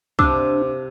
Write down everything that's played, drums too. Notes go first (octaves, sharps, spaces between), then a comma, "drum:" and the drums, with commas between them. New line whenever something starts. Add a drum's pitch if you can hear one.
C3 D4 C5 F5 D6 E6, drum: kick